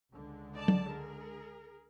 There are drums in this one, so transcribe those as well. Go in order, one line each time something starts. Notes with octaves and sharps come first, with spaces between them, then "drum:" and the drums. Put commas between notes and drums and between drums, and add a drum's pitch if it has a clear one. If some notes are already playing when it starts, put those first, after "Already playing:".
C#2 D3 G#3
D#4 D5 A5
drum: tom
G#4 A#4